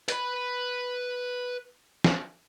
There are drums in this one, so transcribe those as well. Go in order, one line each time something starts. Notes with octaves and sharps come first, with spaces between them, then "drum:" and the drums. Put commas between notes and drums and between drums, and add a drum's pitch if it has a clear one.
B4 B5, drum: hi-hat
drum: snare